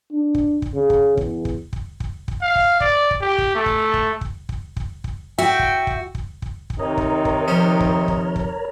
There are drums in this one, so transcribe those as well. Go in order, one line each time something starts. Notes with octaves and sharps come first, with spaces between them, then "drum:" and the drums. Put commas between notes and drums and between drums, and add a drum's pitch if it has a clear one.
D4
drum: kick
drum: kick
C#3
drum: kick
E2, drum: kick
drum: kick
drum: kick
drum: kick
drum: kick
F5
drum: kick
D5, drum: kick
drum: kick
G4
drum: kick
A3
drum: kick
drum: kick
drum: kick
drum: kick
drum: kick
drum: kick
F#4 E5 G5
drum: kick
drum: kick
drum: kick
drum: kick
drum: kick
C3 D#3 D#4 A#4 C#5 A#5
drum: kick
drum: kick
F3 C#4
drum: kick
drum: kick
drum: kick